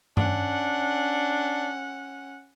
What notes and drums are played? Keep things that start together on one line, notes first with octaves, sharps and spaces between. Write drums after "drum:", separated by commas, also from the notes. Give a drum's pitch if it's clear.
C#4 D4 F#5, drum: tom G2